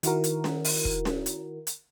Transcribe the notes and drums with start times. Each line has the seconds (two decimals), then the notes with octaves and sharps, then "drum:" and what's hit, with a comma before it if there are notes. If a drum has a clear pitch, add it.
0.03 D#3 E4 F#4 A#4, drum: hi-hat
0.24 drum: hi-hat
0.44 drum: snare C#4
0.64 drum: open hi-hat
0.85 drum: kick
1.05 drum: snare C#4
1.26 drum: hi-hat
1.67 drum: hi-hat